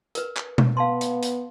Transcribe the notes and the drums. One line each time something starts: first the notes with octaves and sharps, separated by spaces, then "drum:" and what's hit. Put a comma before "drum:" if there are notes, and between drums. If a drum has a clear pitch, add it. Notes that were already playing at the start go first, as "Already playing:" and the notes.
A#4 B4, drum: hi-hat
drum: clap
drum: tom B2
B3 F5 A5 C6
drum: hi-hat
drum: hi-hat